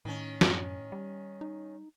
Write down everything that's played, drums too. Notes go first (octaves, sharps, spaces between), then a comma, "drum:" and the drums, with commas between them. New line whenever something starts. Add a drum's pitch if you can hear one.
A2 D#3 C#4
F#2, drum: snare
G3
D#4